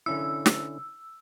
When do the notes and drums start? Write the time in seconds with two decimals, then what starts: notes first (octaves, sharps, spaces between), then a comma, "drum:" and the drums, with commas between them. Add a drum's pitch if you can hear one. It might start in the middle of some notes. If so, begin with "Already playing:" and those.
0.06 D3 C#4 E4 E6
0.46 drum: snare